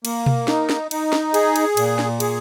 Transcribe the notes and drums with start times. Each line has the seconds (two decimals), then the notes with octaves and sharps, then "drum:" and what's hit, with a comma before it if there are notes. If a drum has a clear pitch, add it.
0.05 A#3, drum: cymbal
0.26 drum: tom B2
0.48 D#4, drum: snare
0.69 drum: snare
0.91 D#4, drum: cymbal
1.13 drum: snare
1.34 G#4, drum: cymbal
1.56 drum: cymbal
1.77 A#2, drum: cymbal
1.99 drum: snare
2.20 G#4, drum: cymbal